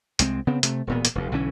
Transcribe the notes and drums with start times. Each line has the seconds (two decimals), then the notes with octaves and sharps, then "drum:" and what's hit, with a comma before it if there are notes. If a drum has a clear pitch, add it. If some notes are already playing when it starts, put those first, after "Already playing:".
0.19 C2 G#3 C4, drum: hi-hat
0.47 C#3 B3 C4
0.63 C3 A3, drum: hi-hat
0.87 E1 A#2 B3
1.05 drum: hi-hat
1.15 F1 D#2
1.32 B1 D3 E3 C#4